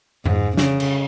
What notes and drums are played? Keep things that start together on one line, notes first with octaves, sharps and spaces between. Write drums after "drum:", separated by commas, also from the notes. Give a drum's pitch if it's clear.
G#2, drum: tom F2
C#3, drum: snare
drum: cymbal